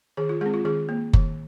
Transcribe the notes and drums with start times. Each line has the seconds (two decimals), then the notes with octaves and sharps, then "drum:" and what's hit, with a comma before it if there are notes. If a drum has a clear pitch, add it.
0.17 D#3 G#4
0.29 F4
0.41 G#3 C4 G#4
0.54 F4
0.65 D#3 G#4
0.89 A#3
1.13 D#3, drum: kick F#1